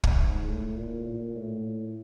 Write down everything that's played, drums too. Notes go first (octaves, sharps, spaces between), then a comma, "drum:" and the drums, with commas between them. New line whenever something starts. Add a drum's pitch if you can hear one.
drum: kick
G#2
A2
A#2
A#2
A2